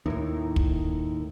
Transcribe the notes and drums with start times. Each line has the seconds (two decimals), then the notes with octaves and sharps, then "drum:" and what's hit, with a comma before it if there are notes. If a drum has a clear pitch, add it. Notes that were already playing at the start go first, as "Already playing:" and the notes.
0.06 D#2 A2 D#4 E4 A#4
0.56 drum: kick